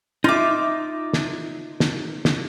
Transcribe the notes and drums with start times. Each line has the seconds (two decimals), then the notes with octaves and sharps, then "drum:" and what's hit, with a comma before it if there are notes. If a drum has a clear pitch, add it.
0.24 D#4 F4 E5 D6
1.13 drum: snare
1.80 drum: snare
2.25 drum: snare